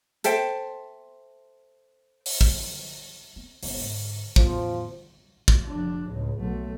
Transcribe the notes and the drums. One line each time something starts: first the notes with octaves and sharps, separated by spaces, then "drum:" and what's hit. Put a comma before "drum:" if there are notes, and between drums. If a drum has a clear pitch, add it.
A4 C5 E5 G5, drum: hi-hat
drum: open hi-hat
drum: kick
C4
G1 G2, drum: open hi-hat
G#2 D3
E2 A2 F3, drum: kick
drum: kick
F1 D4
C#2 A2
B1 A3